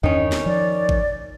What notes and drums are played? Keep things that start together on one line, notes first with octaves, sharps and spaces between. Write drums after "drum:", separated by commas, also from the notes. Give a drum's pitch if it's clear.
E2 G2 D#3 C#4 D4
drum: snare
F3 D5
drum: kick G#1